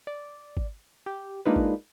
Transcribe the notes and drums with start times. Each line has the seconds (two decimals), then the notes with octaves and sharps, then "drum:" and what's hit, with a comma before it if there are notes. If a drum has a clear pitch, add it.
0.07 D5
0.57 drum: kick
1.06 G4
1.46 G#3 A#3 D4 D#4 F4 B4
1.56 drum: kick